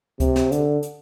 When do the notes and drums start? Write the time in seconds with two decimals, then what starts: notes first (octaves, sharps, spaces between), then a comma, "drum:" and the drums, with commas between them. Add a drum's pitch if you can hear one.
0.20 C3, drum: kick C#2, hi-hat
0.36 drum: snare
0.52 D3, drum: hi-hat
0.83 drum: hi-hat